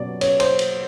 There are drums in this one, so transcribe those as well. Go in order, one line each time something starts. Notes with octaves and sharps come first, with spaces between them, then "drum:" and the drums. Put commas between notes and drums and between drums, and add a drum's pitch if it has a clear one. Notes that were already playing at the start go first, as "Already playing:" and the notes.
Already playing: B2 F#3 B3 D5
C#5, drum: cymbal
C5, drum: cymbal
drum: cymbal